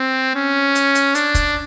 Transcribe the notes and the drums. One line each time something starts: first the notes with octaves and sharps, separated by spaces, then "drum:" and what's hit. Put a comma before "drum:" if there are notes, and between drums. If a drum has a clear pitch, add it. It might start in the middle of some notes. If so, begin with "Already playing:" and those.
Already playing: C4
C#4
drum: hi-hat
drum: hi-hat
D4, drum: hi-hat
drum: kick, hi-hat